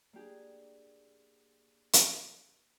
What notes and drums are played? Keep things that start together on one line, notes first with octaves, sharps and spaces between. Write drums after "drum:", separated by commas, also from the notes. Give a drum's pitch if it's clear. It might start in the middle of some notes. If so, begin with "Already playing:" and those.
A#3 D4 G4 G#4
drum: hi-hat